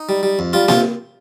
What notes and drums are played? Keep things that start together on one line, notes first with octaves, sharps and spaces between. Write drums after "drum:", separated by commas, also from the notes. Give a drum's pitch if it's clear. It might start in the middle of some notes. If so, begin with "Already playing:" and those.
Already playing: D#4
G3
G3
F2
G3 F4
C3 F4, drum: snare A#3